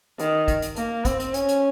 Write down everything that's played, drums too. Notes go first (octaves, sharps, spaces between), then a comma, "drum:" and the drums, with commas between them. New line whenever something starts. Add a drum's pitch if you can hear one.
D#3, drum: hi-hat
drum: kick A#1, hi-hat
drum: hi-hat
A#3, drum: hi-hat
C4, drum: kick A#1, hi-hat
drum: hi-hat
C#4, drum: hi-hat
drum: hi-hat